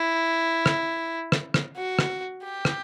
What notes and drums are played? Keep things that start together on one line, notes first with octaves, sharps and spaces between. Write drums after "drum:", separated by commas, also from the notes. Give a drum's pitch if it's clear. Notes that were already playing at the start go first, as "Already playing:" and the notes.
Already playing: E4
drum: rim click
drum: rim click
drum: rim click
F#4
drum: rim click
G4
drum: rim click